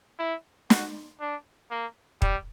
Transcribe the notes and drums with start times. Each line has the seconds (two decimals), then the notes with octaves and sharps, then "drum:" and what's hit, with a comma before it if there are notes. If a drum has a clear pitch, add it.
0.19 E4
0.70 F#4, drum: snare
1.20 D4
1.71 A#3
2.22 G3, drum: kick